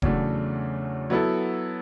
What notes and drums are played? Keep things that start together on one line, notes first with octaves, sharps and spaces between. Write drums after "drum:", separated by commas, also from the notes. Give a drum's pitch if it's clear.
E2 C#3 F#3 A3 D4, drum: kick E1
F#3 B3 E4 A4